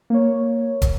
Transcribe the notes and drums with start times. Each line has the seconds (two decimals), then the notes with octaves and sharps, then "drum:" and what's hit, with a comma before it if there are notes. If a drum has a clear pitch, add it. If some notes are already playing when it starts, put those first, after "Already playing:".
0.10 A#3 C#5
0.82 drum: kick, hi-hat